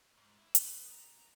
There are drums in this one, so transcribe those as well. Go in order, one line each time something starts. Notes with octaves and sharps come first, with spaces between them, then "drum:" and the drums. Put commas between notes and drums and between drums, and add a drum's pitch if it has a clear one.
G#2
E4
B3, drum: hi-hat
A#5